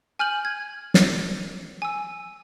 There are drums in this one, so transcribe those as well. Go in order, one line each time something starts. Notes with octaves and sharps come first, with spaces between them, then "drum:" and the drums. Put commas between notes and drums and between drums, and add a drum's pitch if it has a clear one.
G#5 F6 G6 F#7
G#6
drum: snare
G#5 E6